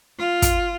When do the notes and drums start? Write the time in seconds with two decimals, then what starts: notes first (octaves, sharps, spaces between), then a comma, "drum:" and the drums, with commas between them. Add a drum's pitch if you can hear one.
0.18 F4
0.42 drum: kick, hi-hat